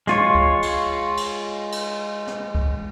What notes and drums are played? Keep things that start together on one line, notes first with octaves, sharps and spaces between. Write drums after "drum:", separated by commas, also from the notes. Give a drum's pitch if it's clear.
G#3 F4 C#5, drum: snare
drum: kick
drum: cymbal
drum: cymbal
drum: cymbal
drum: snare
drum: kick